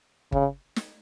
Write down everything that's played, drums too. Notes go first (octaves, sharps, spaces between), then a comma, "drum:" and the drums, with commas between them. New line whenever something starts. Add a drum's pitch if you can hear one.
C#3, drum: kick G1
drum: snare